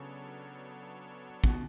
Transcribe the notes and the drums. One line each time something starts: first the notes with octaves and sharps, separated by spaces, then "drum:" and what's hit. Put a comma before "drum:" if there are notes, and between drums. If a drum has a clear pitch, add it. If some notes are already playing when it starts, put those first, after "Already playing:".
Already playing: C#3 F#3 B3 D4 A4 C#5
B2, drum: kick